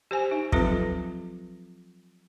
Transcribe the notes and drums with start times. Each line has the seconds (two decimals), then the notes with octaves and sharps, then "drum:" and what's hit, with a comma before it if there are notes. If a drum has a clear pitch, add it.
0.11 G4 C5 G#5
0.31 D#4
0.52 F3 F#3 C4 F4 A4 B4, drum: kick